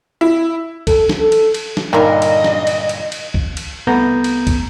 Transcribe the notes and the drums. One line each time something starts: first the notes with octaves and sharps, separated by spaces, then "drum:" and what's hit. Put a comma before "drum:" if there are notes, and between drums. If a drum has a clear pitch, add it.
E4
A4, drum: kick, cymbal
drum: snare
A4
drum: cymbal
drum: cymbal
drum: snare
G2 A#2 D3 D#3 A#4 D#5
drum: cymbal
drum: snare
drum: cymbal
drum: cymbal
drum: cymbal
drum: kick
drum: cymbal
C2 A3 B3 A#5 G6
drum: cymbal
drum: kick, cymbal